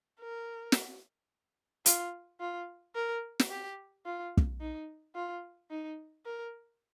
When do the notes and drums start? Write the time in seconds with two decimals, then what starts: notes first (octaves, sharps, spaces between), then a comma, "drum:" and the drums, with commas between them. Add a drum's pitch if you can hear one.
0.20 A#4
0.72 drum: snare
1.86 F4, drum: hi-hat
2.40 F4
2.95 A#4
3.40 drum: snare
3.50 G4
4.06 F4
4.37 drum: kick
4.61 D#4
5.15 F4
5.70 D#4
6.25 A#4